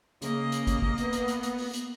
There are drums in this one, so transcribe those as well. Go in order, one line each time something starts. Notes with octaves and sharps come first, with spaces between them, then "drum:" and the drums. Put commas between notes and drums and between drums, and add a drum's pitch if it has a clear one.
C#3 A#3 D#5, drum: hi-hat
drum: hi-hat
drum: kick, hi-hat
drum: kick
B3, drum: hi-hat
drum: hi-hat
drum: hi-hat
drum: hi-hat
drum: open hi-hat
drum: hi-hat